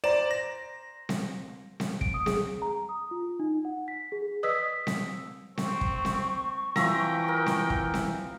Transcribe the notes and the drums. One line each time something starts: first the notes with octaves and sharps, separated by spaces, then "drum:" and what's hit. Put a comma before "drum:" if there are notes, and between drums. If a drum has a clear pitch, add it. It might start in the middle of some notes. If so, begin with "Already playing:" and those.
C5 D5 A#5 E7
A#6
drum: snare C4
drum: snare C4
D7, drum: kick
D#6
G#4, drum: snare C4
A#5
D#6
F4
D#4
F#5
B6
G#4
B4 D5 D#5 D#6 E6 B6
drum: snare C4
C4 C#6, drum: snare C4
drum: kick
drum: snare C4
E3 F3 E5 G5 A#5, drum: snare C4
A#4
drum: snare C4
drum: kick
drum: snare C4